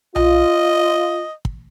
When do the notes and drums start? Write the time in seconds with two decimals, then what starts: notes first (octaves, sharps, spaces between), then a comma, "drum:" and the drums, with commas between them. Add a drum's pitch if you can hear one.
0.16 F4 D#5, drum: tom B1
1.45 drum: kick